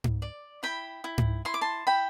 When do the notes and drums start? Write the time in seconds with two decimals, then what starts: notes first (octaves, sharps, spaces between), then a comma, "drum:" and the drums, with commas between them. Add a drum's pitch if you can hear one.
0.04 drum: tom G#2
0.22 D5
0.63 E4 G5 B5
1.04 E4
1.18 drum: tom G#2
1.45 E4 C6
1.54 D6
1.61 A5 C6
1.87 E4 G5 B5